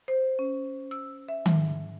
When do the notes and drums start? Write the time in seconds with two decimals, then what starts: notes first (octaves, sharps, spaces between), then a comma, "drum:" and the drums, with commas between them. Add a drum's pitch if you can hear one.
0.08 C5
0.39 C#4
0.91 E6
1.29 E5
1.46 drum: tom D#3
1.55 G#2